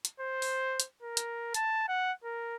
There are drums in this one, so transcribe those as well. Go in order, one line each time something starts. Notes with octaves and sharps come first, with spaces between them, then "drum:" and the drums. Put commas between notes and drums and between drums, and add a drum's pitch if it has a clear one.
drum: hi-hat
C5
drum: open hi-hat
drum: hi-hat
A#4
drum: hi-hat
A5, drum: hi-hat
F#5
A#4